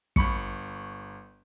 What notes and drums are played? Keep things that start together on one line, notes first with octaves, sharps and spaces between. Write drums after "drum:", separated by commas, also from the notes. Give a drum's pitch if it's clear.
G1 B5 C#6 C#7, drum: kick